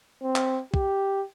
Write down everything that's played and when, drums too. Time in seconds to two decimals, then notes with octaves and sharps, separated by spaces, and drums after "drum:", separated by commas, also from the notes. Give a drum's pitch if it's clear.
0.23 C4
0.36 drum: clap
0.74 G4, drum: kick